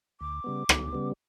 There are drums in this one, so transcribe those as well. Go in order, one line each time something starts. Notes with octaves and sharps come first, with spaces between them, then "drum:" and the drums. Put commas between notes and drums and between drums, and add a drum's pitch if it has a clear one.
D2 D6
C#3 G3 B3
D2, drum: rim click
C#3 G3 B3